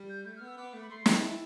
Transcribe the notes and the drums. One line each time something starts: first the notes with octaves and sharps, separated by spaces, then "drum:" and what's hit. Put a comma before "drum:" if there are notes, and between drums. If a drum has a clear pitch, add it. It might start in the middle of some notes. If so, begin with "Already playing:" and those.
Already playing: G3
G6
A3 G6
F6
B3
E6
B3 D6
A3
B5
A3 C6
C4 A5, drum: snare
E4 A5